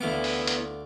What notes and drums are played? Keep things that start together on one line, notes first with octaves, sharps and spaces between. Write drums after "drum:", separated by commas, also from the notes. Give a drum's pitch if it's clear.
D2 B3 E4 F5 D6
drum: open hi-hat
drum: hi-hat